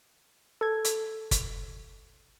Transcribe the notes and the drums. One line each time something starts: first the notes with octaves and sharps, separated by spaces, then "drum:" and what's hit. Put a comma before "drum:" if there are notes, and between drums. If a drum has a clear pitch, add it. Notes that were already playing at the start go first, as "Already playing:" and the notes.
A4 G#6
drum: hi-hat
drum: kick F#1, hi-hat